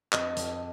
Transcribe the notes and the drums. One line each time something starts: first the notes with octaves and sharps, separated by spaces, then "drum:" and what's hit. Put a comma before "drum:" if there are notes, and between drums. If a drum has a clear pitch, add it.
F2 D#5, drum: clap
F2, drum: hi-hat